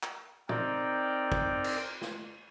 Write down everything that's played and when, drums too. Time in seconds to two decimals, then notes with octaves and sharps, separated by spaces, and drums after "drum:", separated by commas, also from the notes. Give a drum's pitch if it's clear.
0.03 drum: clap
0.49 C4 D#4 A#4 D5 G5, drum: tom
1.32 drum: kick
1.64 drum: cymbal
2.02 drum: snare